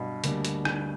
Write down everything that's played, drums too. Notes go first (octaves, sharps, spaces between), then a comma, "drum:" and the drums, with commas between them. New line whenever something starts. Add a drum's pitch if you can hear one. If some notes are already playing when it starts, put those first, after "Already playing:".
Already playing: G2 B2
D2 D3 G3 A#3, drum: hi-hat
drum: hi-hat
drum: rim click